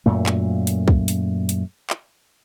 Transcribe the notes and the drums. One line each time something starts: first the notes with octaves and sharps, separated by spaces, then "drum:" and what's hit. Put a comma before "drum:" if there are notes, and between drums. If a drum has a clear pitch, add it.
F#2 A#2 A3
drum: clap
drum: hi-hat
drum: kick
drum: hi-hat
drum: hi-hat
drum: clap